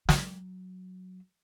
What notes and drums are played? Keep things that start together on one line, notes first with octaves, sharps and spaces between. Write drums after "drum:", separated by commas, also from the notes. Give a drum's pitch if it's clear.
F#3, drum: snare